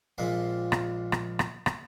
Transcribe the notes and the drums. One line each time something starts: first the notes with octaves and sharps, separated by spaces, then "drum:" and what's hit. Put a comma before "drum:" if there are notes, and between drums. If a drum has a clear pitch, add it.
A#1 A#2 G#3 C4 F4 B5
drum: rim click
drum: rim click
drum: rim click
drum: rim click